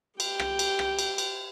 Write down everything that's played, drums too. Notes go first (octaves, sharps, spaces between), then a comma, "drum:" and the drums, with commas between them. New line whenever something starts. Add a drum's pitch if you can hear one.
G4 G5, drum: cymbal
drum: rim click
drum: cymbal
drum: rim click
drum: cymbal
drum: cymbal